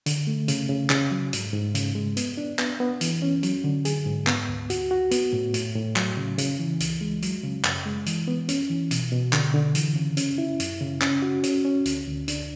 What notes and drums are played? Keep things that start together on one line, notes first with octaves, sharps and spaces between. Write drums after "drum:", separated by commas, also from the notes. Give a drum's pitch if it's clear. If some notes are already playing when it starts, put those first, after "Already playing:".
D3, drum: hi-hat
A3
C#3, drum: hi-hat
C#3
C#3, drum: clap
F#3
G#2, drum: hi-hat
G#2
C#3, drum: hi-hat
G#3
B3, drum: hi-hat
D4
B3, drum: clap
B3
E3, drum: hi-hat
C#4
F#3, drum: hi-hat
D3
G#4, drum: hi-hat
G#2
B3, drum: clap
D2
F#4, drum: hi-hat
F#4
B3, drum: hi-hat
A2
A2, drum: hi-hat
A2
F#3, drum: clap
C#3
C#3, drum: hi-hat
E3
C#2, drum: hi-hat
G#3
F#3, drum: hi-hat
C#3
F#2, drum: clap
G#3
E3, drum: hi-hat
B3
C#4, drum: hi-hat
E3
B2, drum: hi-hat
B2
D3, drum: clap
D3
E3, drum: hi-hat
C#3
C#4, drum: hi-hat
E4
F#2, drum: hi-hat
C#3
C#4, drum: clap
F#4
C#4, drum: hi-hat
C#4
D2, drum: hi-hat
D2
D4, drum: hi-hat